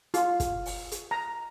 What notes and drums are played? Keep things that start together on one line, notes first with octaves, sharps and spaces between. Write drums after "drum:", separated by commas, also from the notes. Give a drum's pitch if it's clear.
F4, drum: hi-hat
drum: kick, hi-hat
drum: open hi-hat
drum: hi-hat
A#5